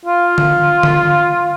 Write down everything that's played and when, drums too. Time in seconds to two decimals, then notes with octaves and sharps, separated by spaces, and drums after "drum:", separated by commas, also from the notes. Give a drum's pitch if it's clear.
0.06 F4
0.38 drum: tom D3
0.83 drum: tom D3